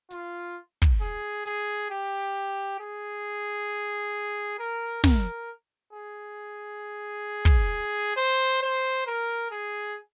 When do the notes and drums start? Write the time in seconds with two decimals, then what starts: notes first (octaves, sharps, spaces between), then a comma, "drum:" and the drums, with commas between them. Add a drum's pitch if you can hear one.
0.11 F4, drum: hi-hat
0.82 drum: kick
1.01 G#4
1.46 G#4, drum: hi-hat
1.91 G4
2.80 G#4
4.59 A#4
5.04 A#4, drum: snare
5.93 G#4
7.45 drum: kick
8.17 C5
8.62 C5
9.07 A#4
9.51 G#4